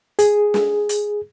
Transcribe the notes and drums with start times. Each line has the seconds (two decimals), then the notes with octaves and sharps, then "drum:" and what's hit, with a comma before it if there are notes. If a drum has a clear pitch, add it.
0.19 G#4, drum: hi-hat
0.54 drum: snare
0.89 drum: hi-hat